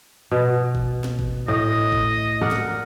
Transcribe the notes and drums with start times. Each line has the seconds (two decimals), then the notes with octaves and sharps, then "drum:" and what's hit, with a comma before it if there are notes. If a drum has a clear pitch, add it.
0.31 B2
0.75 drum: kick G1
1.04 drum: snare
1.19 drum: kick G1
1.48 A2 D#5
1.92 drum: kick G1
2.41 A#4 D5 F#5
2.51 drum: snare